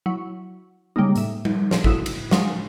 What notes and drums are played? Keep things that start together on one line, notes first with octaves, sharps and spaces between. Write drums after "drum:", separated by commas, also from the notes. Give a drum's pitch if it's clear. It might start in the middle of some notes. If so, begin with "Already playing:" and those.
F#3 E4
C#3 G3 G#3 A#3 D#4
A2 E5, drum: hi-hat
drum: tom G3
A#2 F3, drum: snare
A2 E4 F#4 D#6 E7, drum: kick G#1
drum: cymbal
F3 F#3 G#3, drum: snare